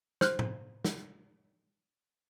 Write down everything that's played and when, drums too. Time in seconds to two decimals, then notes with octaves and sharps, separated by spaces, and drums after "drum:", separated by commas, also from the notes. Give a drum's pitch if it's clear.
0.21 C5 F6 F#6, drum: snare
0.39 drum: tom A2
0.85 drum: snare